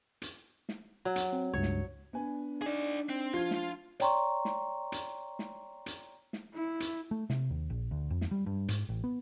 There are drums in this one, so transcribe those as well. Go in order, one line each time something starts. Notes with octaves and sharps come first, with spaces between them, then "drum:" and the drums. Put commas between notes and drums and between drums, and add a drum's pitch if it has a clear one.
drum: hi-hat
drum: snare
F#3
drum: hi-hat
C4
C#2 G2 C#5
drum: snare
B3 D4 B4 G#5
D#4 G#4 D5
C4
F3 F4 G#6
drum: snare
C#5 D5 G5 A#5 C6 C#6, drum: hi-hat
drum: snare
drum: hi-hat
drum: snare
drum: hi-hat
drum: snare
E4
drum: hi-hat
A3
C3, drum: snare
D#2
A#1
D2
F2
drum: snare
G3
G2
G#2, drum: hi-hat
A1
B3